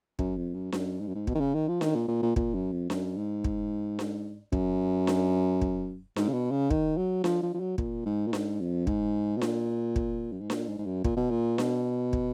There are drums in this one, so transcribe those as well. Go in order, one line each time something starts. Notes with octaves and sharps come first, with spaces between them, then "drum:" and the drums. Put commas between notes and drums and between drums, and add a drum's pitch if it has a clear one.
F#2, drum: kick
F2
F#2
F#2, drum: snare D4
G#2
F#2
G#2
B2, drum: kick
D#3
C#3
D#3
F3
D#3, drum: snare D4
A#2
A#2
A#2
A#2, drum: kick
F#2
F2
F#2, drum: snare D4
G#2
drum: kick
drum: snare D4
F#2, drum: kick
drum: snare D4
drum: kick
G#2, drum: snare D4
C#3
B2
C#3
D#3, drum: kick
F#3
F3, drum: snare D4
F3
F3
F#3
A#2, drum: kick
G#2
A#2
G#2, drum: snare D4
F2
G#2, drum: kick
B2
A#2, drum: snare D4
drum: kick
F#2
G#2
A#2, drum: snare D4
G#2
G#2
F#2
A#2, drum: kick
B2
A#2
B2, drum: snare D4
drum: kick